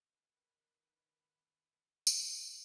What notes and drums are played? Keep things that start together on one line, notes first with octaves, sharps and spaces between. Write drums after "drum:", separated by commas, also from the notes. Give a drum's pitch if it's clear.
D#3 B4
drum: tambourine